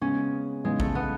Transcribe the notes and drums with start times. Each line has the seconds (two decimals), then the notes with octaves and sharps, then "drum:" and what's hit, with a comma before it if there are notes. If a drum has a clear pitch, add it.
0.01 C#3 G#3 B3 C#4
0.64 C#3 E3 G#3 B3 D#4
0.80 A3, drum: kick
0.95 B3